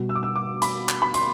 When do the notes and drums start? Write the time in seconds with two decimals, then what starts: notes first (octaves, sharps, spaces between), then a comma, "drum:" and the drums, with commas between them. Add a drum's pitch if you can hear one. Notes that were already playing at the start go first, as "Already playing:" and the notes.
Already playing: B2 G3
0.09 E6
0.15 D6
0.23 E6
0.35 D6
0.62 B5, drum: hi-hat
0.89 drum: clap
1.02 B5
1.14 C6, drum: hi-hat